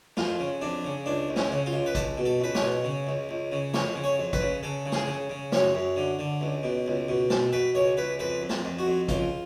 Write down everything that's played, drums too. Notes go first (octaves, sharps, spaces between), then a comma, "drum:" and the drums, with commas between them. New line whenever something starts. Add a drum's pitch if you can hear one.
F2 F4, drum: snare
C#3
F2 D4
C#3
C#2 D4
C#2
C#4, drum: snare
C#3
F4
C#2
B4
C#2 A4, drum: kick, hi-hat
B2
A4
C#2 B4
C#5, drum: snare
B2
C#3
C#2
C#2
C#3
F2 C#5, drum: snare
C#3
C#5
F2
B4, drum: kick, hi-hat
C#3
C#3 A4
C#3
G#4, drum: snare
C#3
C#3
F#2 C#5, drum: snare
F#2
D3
D3
C#2
B2
C#2
B2
B2 A4, drum: snare
B2 B4
C#2 C#5
C#2 B4
F2 B4
F2
A4, drum: snare
F2
F#4
F2
C#2 F4, drum: kick, hi-hat